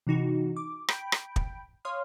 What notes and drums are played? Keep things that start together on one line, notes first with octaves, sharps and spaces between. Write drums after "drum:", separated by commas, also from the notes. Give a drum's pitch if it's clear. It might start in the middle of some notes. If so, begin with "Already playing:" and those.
C3 E3 D#4 F#4
D6
G5 B5 G6 D7, drum: rim click
drum: rim click
drum: kick
C#5 F5 C6 D#6 F6